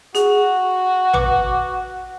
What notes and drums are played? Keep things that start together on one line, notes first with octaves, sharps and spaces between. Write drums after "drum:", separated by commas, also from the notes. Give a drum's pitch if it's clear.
F#4 G#4, drum: hi-hat
B4 F#5 D6, drum: tom